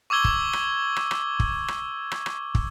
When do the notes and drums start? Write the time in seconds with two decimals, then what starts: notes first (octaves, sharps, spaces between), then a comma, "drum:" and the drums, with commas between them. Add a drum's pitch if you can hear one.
0.10 C#6 D6 E6 G#6 G7
0.24 drum: kick
0.53 drum: rim click
0.96 drum: rim click
1.11 drum: rim click
1.40 drum: kick
1.68 drum: rim click
2.11 drum: rim click
2.26 drum: rim click
2.55 drum: kick